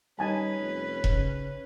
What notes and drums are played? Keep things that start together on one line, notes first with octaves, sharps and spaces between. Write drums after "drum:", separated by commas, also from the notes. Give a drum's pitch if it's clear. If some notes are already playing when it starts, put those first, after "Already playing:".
G3 C#4 D#4 B4 G#5 A5
F1
C#3, drum: kick E1